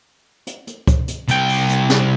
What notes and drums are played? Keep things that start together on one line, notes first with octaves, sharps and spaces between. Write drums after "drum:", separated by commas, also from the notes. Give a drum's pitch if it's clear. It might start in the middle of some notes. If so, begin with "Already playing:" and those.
drum: hi-hat
drum: hi-hat
drum: kick C#2, hi-hat
drum: hi-hat
C2 G5, drum: hi-hat
drum: open hi-hat
drum: hi-hat
drum: snare